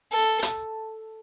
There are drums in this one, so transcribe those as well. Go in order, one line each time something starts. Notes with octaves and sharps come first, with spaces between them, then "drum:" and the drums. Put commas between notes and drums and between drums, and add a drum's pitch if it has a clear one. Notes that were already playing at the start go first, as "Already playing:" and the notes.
A4
drum: hi-hat